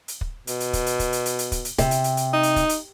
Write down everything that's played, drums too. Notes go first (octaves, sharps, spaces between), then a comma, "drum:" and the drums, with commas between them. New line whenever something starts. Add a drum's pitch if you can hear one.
drum: hi-hat
drum: kick
B2, drum: hi-hat
drum: hi-hat
drum: kick, hi-hat
drum: hi-hat
drum: kick, hi-hat
drum: hi-hat
drum: hi-hat
drum: hi-hat
drum: kick, hi-hat
drum: hi-hat
C3, drum: kick, hi-hat
drum: hi-hat
drum: hi-hat
drum: hi-hat
D#4
drum: hi-hat
drum: kick, hi-hat
drum: hi-hat